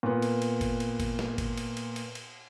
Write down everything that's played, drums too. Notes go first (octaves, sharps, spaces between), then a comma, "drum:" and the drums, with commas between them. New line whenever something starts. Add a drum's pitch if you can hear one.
A#2 B3
drum: cymbal
drum: cymbal
drum: kick, cymbal
drum: cymbal
drum: kick, cymbal
drum: snare
drum: kick, cymbal
drum: cymbal
drum: cymbal
drum: cymbal
drum: cymbal